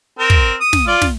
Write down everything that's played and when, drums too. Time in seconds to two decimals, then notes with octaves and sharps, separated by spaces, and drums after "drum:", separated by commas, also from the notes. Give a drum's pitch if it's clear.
0.19 C4 A#4
0.30 drum: kick
0.61 D#6
0.73 drum: snare
0.87 F4 D5
1.02 drum: snare